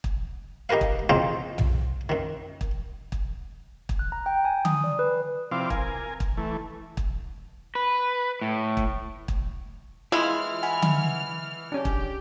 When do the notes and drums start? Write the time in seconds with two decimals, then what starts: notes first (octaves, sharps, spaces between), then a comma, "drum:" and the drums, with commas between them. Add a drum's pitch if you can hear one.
0.04 drum: kick
0.69 D#4 G4 A#4 B4 F5
0.81 drum: kick
1.10 E2 C#3 C4 D#4 F4 G5
1.58 drum: tom B1
2.09 F#2 D#3
2.61 drum: kick
3.12 drum: kick
3.89 drum: kick
3.99 F#6
4.12 A#5
4.26 G5
4.45 G#5
4.65 D#6, drum: tom D3
4.84 D5
4.99 B4
5.51 C3 F3 C4 E4 F5 D6
5.70 A#4 G#5, drum: kick
6.20 drum: kick
6.37 E3 A3
6.97 drum: kick
7.75 B4
8.41 A2
8.77 drum: kick
9.28 drum: kick
10.12 E3 G#3 E4 F4 F6
10.63 F#5 G#5 B5
10.82 drum: tom D3
11.72 C#4 D4 G4
11.85 drum: kick